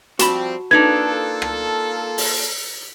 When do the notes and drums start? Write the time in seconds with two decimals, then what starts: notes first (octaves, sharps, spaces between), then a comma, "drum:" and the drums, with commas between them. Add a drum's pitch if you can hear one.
0.19 F3 G3 C4 F#4 A5 B5, drum: hi-hat
0.71 A#3 D4 D#4 F4 A4 B4 G#6
1.42 drum: rim click
2.18 drum: open hi-hat